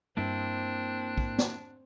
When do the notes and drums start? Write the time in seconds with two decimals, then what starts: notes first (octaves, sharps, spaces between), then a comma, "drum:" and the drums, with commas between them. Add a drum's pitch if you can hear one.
0.17 G2 G3 A#3 C4 D4 E4
1.18 drum: kick
1.38 drum: snare